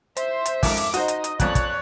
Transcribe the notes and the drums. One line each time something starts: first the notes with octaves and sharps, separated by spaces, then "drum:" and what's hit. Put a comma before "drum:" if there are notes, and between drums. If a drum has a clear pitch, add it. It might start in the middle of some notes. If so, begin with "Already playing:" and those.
C5 E5, drum: hi-hat
drum: hi-hat
F2 G#2 A#4 D6, drum: kick, open hi-hat
drum: hi-hat
D#4 F#4 C5 D#5, drum: hi-hat
drum: hi-hat
drum: hi-hat
F2 A#2 C#5 D5 F#6, drum: kick, hi-hat
drum: kick, hi-hat